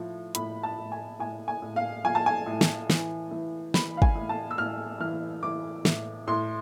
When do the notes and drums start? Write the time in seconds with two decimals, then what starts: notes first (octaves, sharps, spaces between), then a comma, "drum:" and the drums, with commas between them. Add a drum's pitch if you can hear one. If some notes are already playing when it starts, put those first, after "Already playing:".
Already playing: A2 F3
0.35 A2 B5, drum: hi-hat
0.63 A5
0.78 A2
0.92 G#5
1.19 A2 G#5
1.48 G#5
1.62 A2
1.76 F5
2.04 F3 G#5
2.15 A5
2.26 G#5
2.46 A2
2.61 drum: snare
2.90 E3, drum: snare
3.31 E3
3.74 E3 B5, drum: snare
3.97 F5
4.02 G#5, drum: kick
4.15 A2
4.29 A5
4.51 E6
4.58 A2 F6
5.00 E3 F6
5.43 E3 D6
5.85 A2, drum: snare
6.27 A2 C6